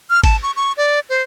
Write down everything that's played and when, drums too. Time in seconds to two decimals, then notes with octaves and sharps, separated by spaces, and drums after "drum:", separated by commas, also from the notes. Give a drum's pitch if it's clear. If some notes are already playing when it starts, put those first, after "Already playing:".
0.10 F6
0.24 A5, drum: kick G#1, cymbal
0.43 C#6
0.56 C#6
0.77 D5
1.10 C5